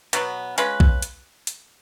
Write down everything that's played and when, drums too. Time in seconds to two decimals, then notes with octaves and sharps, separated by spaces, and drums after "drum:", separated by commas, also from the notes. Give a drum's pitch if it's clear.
0.13 B2 F#3 B3, drum: hi-hat
0.58 G#3 C#4 F4 B4, drum: hi-hat
0.80 drum: kick B1
1.02 drum: hi-hat
1.47 drum: hi-hat